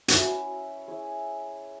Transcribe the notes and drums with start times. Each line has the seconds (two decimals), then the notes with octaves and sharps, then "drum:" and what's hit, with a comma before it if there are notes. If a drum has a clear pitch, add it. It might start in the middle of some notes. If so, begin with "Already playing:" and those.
0.08 C#4 E4 F#4 B4 E5, drum: hi-hat
0.88 E4 G#4 C#5 E5